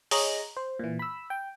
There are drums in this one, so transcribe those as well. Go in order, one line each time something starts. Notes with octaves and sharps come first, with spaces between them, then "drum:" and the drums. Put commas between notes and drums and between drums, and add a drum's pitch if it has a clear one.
G#4 C#5 D#5 A#5, drum: open hi-hat
C5
A#2 E3
B5 E6
G5